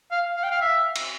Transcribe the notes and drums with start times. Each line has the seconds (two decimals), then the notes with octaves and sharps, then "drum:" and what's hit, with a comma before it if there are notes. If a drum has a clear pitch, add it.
0.11 F5
0.36 F5
0.44 G5
0.51 F5
0.61 E5
0.96 drum: cymbal